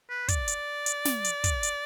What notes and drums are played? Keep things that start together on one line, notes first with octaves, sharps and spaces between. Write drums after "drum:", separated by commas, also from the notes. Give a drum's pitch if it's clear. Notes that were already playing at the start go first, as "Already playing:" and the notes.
B4
D5, drum: kick, hi-hat
drum: hi-hat
drum: hi-hat
drum: snare
drum: hi-hat
drum: kick, hi-hat
drum: hi-hat